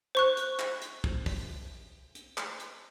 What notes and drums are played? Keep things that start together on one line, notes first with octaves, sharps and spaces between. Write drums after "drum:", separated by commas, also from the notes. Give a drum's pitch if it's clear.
C5 C#6 F#6
drum: hi-hat
drum: clap
drum: hi-hat
drum: kick
drum: kick, open hi-hat
drum: hi-hat
drum: clap
drum: hi-hat